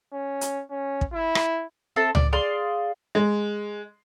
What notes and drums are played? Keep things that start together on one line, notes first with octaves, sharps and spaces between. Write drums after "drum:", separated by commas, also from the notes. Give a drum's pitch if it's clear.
C#4
drum: hi-hat
C#4
drum: kick
E4
drum: rim click
C4 A4 E5 A5
D5, drum: tom C#2
G#4 D5 F5 C6
G#3